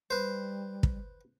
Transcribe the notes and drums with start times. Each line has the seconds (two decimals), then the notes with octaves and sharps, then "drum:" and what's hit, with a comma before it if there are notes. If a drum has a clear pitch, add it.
0.10 G3 B4 C5
0.83 drum: kick